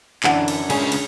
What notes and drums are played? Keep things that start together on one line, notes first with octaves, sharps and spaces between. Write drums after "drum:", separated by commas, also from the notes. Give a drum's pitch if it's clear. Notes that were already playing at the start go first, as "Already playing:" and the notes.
F#2 D3 E3 D4 F#5 A5, drum: clap
drum: cymbal
C#2 C#4 G#4, drum: cymbal
drum: cymbal